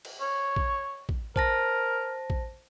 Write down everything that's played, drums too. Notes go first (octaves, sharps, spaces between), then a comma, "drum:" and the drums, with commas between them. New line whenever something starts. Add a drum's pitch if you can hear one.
drum: cymbal
C#5
drum: kick
drum: kick
A#4 C5 A5 A#6, drum: kick
drum: kick